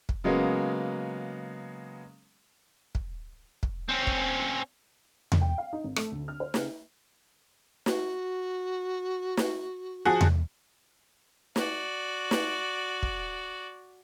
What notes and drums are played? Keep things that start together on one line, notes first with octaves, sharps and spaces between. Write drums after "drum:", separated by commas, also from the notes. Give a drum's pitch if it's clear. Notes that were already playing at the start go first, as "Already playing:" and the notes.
drum: kick
C#3 F#3 G#3 A#3 B3
drum: kick
drum: kick
C4 C#4
drum: kick
drum: tom E2
G5
F5
D#4
G#1
A3, drum: rim click
D2
F6
C5
C#3, drum: snare
F#4, drum: snare
drum: snare
F3 F#4 G#4
drum: tom E2
F#4 D5, drum: snare
drum: snare
drum: kick